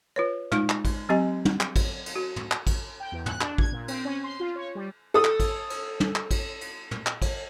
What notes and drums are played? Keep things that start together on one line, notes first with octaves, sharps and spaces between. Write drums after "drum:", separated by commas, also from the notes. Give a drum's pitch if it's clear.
F4 B4 C#5
G#3 D#4 F4, drum: tom
drum: clap
drum: kick A1, cymbal
F#3 C4 G4 D#5 G#5
drum: tom
drum: clap
drum: kick A1, cymbal
drum: cymbal
F#4
drum: tom
drum: clap
drum: kick A1, cymbal
G5
E2
F#6, drum: tom
D4, drum: clap
G#6, drum: kick A1
A#2
C4, drum: cymbal
C#4
C6
F4
C#5
G3
A4 D#6
drum: clap
drum: kick A1, cymbal
drum: cymbal
drum: tom
drum: clap
drum: kick A1, cymbal
drum: cymbal
drum: tom
drum: clap
drum: kick A1, cymbal